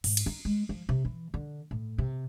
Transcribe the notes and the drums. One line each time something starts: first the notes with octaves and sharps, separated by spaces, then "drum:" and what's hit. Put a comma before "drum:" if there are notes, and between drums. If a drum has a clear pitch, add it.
G#2, drum: open hi-hat
drum: cymbal
D#4
G#3
F3
C3
E3
D3
A2
C3